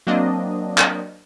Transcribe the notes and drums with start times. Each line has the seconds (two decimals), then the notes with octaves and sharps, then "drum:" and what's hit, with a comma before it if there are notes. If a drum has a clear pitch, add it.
0.07 F#3 A#3 C4 D4 D#5
0.78 drum: clap